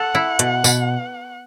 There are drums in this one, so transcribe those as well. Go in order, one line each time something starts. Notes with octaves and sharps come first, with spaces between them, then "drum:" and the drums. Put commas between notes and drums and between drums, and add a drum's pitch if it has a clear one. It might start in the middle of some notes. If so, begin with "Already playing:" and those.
Already playing: A4 F#5
E4
B2, drum: hi-hat
B2, drum: tambourine